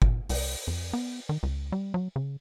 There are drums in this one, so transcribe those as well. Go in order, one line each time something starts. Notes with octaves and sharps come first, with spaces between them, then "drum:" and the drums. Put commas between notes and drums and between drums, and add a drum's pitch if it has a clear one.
A#2, drum: kick G1
C2, drum: open hi-hat
F2
B3
D#3
C#2
G3
F#3
C#3